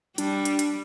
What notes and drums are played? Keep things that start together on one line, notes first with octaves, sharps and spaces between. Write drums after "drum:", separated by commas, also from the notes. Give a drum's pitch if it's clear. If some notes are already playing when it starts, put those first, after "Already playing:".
G3 D4, drum: hi-hat
drum: hi-hat
drum: hi-hat